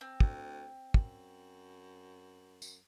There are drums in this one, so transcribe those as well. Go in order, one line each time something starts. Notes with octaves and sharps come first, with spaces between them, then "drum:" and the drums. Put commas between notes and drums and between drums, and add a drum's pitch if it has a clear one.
C4
D2, drum: kick
F#2, drum: kick
drum: tambourine